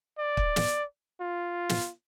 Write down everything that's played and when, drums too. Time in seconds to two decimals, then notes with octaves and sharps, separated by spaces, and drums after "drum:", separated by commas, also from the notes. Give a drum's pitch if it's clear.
0.18 D5
0.37 drum: kick
0.56 drum: snare
1.20 F4
1.69 drum: snare